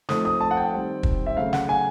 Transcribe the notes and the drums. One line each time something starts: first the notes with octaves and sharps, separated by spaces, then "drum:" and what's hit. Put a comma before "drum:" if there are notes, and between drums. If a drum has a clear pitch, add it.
F3 A3 C4 D#4 D#6, drum: snare
D#6
A5
F#5
G5
D#3 G3 C4
drum: kick
E5
C#3 F#3 A3 F5
F#5, drum: snare
G#5